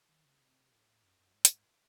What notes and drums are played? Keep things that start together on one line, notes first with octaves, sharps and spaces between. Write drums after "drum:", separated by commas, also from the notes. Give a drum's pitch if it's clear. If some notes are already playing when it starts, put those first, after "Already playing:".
D#3
C#3
C3
A2
F#2
F#2
G#2
drum: hi-hat